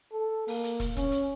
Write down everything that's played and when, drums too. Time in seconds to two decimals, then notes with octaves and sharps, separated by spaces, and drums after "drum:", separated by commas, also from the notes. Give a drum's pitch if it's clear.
0.13 A4
0.48 A#3, drum: open hi-hat
0.64 drum: hi-hat
0.80 drum: kick, hi-hat
0.97 C#4, drum: kick, hi-hat
1.12 drum: hi-hat